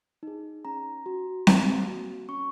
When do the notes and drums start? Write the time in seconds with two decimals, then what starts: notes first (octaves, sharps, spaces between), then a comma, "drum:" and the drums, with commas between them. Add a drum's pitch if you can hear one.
0.23 D#4 G#4
0.65 C#4 A#5
1.06 F#4
1.47 A#3, drum: snare C4
1.87 F#4
2.29 C#4 C#6